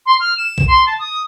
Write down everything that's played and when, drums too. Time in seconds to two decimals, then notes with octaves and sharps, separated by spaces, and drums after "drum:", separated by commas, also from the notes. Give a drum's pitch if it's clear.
0.06 C6
0.20 F6
0.38 E7
0.58 drum: kick B1
0.68 C6
0.87 A5
0.99 D#6